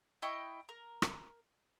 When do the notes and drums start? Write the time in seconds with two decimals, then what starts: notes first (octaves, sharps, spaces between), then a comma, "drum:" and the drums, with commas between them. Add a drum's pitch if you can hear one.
0.22 E4 D#5 G5 C#6
0.69 A#4
1.02 drum: rim click